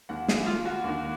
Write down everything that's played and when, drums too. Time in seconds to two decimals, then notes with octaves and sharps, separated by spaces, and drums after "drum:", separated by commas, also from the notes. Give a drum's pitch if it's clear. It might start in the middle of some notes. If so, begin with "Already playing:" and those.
0.09 D#2 D#3 F#5
0.28 G#4, drum: snare
0.46 F4
0.65 F#4
0.84 D#2 D#3